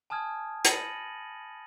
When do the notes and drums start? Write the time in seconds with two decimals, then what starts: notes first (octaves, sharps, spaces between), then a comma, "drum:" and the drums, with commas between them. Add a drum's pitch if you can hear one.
0.10 G#5 A5 D#6 F6 G#6
0.65 B5 A6 A#6 C#7 D#7 F#7, drum: hi-hat